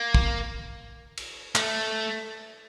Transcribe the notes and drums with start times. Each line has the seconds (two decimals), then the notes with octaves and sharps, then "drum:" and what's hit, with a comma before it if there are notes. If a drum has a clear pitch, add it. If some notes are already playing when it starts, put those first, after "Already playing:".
Already playing: A#3
0.14 drum: kick
1.17 drum: cymbal
1.55 A3, drum: clap